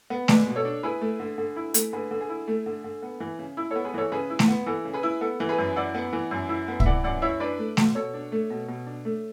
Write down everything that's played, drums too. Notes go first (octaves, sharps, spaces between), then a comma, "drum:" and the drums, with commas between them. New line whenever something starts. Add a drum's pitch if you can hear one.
B3
G#3 B4 D5, drum: snare A3
B2
A4 C#5
D4
E4 G#4 B4
A3
D3
D3
E4
A3, drum: hi-hat
D3 G#4 B4
D3
G#4
E4
A3
D3
D3
B3
E3
C#3
E4
B3 A4 C#5
G#4 B4
E3 A4 C#5
C#3 G#4 B4
E4
drum: snare A3
B3
E3 A4
C#3
G#4 B4
E4
B3 A4
E3
G#4 B4
F#2
E4 D5 F#5
B3
E3
F#2
E4
B3
E5, drum: kick C#2
E3 D5 F#5
F#2 D5 F#5
E4 C#5 E5
D4 B4 D5
A3
B2, drum: snare A3
B2 A4 C#5
D4
A3
B2
B2
D4
A3